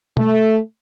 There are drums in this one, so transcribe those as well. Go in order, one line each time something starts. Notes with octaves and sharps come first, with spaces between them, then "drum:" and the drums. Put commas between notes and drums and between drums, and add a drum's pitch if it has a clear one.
A3, drum: tom B2